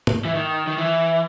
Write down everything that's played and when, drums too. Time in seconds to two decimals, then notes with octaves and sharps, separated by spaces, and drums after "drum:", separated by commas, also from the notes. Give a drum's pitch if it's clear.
0.07 drum: tom
0.25 E3
0.35 D#3
0.67 D#3
0.78 E3